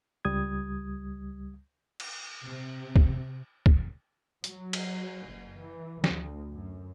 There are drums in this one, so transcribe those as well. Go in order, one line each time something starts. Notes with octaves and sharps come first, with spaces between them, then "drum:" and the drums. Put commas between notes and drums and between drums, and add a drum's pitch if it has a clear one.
C#2 G3 D#6 G#6
drum: cymbal
C3
drum: kick
drum: kick
F#3, drum: hi-hat
drum: cymbal
F#1
E3
D2, drum: snare
F#2